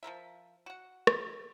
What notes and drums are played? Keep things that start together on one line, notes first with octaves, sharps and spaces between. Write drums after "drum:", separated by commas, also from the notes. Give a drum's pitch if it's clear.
F3 A#3 A#4 E5
F#4 F#5
drum: rim click